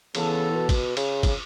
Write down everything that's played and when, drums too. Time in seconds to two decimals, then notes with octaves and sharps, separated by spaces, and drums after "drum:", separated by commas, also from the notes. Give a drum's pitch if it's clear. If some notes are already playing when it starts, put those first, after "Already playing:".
0.15 C#3 E3 B3 A4, drum: cymbal
0.51 A2
0.55 B2
0.69 drum: kick, cymbal
0.97 C#3, drum: cymbal
1.23 drum: kick, cymbal